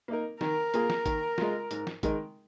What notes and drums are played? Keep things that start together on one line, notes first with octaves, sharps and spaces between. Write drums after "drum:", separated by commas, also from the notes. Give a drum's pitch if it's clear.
A#3 D#4 A#4
D#3 A#4, drum: snare
A#3 F4 G#4, drum: hi-hat
drum: snare
D#3, drum: kick A1, hi-hat
G#3 F4, drum: snare
G#2, drum: hi-hat
drum: snare
D#3 G#3 D#4 A#4, drum: kick A1, hi-hat